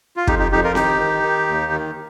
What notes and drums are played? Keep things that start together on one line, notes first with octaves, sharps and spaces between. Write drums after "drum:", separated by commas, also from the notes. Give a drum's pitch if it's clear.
F4
F2 D#4 G4, drum: kick
D#4 G4
F2 D#4 G4
F4 A#4
D#3 D#4 G4, drum: snare C4
D#3
D#3
D#2
D#3